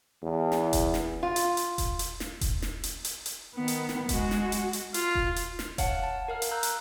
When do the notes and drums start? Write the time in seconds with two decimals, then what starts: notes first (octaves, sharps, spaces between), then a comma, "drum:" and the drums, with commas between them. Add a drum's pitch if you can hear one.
0.23 E2
0.52 drum: snare
0.73 drum: kick E1, hi-hat
0.94 drum: snare
1.23 F4
1.36 drum: hi-hat
1.57 drum: hi-hat
1.78 drum: kick E1, hi-hat
1.99 drum: hi-hat
2.20 drum: snare
2.41 drum: kick E1, hi-hat
2.62 drum: snare
2.83 drum: hi-hat
3.05 drum: hi-hat
3.26 drum: hi-hat
3.55 D#3 B3
3.68 drum: hi-hat
3.89 drum: snare
4.09 G#3 F#4, drum: kick E1, hi-hat
4.31 drum: snare
4.52 drum: hi-hat
4.73 drum: hi-hat
4.94 F4, drum: hi-hat
5.15 drum: kick E1
5.36 drum: hi-hat
5.59 F6, drum: snare
5.78 C#5 F5 F#5 A5, drum: kick E1, hi-hat
6.03 A5
6.28 A#4 F5 F6
6.42 drum: hi-hat
6.51 A#5 E6 F#6 G6
6.63 drum: hi-hat